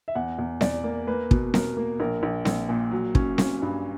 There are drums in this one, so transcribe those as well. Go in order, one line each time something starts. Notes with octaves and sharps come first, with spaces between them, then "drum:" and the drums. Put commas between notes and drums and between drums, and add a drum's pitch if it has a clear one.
E5
E2 F#5
E2
E2 D5, drum: snare C4
A#3
A#3 B4
B2, drum: kick
B2 A#4, drum: snare C4
A#3
A#1 A#4
A#1
A#1, drum: snare C4
A#2
F#3
C#4, drum: kick
C#4, drum: snare C4
G2